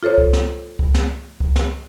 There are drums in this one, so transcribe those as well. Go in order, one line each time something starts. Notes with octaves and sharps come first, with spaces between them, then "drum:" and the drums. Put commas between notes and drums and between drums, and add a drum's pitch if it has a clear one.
F4 A4 C5 C#5
drum: kick C#2
drum: snare
drum: kick C#2
drum: snare
drum: kick C#2
drum: snare